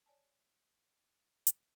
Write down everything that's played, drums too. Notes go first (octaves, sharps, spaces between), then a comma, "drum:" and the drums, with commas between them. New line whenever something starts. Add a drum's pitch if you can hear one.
C#5 D5 G#5 A5
drum: hi-hat